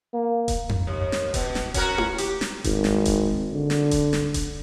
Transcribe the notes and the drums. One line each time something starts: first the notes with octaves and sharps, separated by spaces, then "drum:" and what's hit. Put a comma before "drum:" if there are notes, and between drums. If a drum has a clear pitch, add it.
A#3
drum: kick D#1, hi-hat
drum: tom F2
D#2
drum: snare
B2, drum: kick D#1, hi-hat
drum: snare
C#4 F#4 A#4, drum: kick D#1, hi-hat
drum: tom E4
G4, drum: hi-hat
drum: snare
G#1, drum: kick D#1, hi-hat
drum: snare
drum: kick D#1, hi-hat
D3
drum: snare
drum: kick D#1, hi-hat
drum: snare
drum: kick D#1, hi-hat